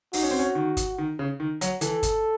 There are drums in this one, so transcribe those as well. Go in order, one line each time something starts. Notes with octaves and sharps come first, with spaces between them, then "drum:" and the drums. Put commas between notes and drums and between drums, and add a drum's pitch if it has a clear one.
D#4 F#4, drum: open hi-hat
C#4
C4
C#4
D#3
drum: kick, hi-hat
D#3
C#3
D#3
F#3, drum: hi-hat
E3 A4, drum: hi-hat
drum: kick, hi-hat